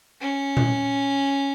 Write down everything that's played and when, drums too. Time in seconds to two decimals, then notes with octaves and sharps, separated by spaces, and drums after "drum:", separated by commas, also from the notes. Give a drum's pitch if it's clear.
0.21 C#4
0.57 drum: tom A#2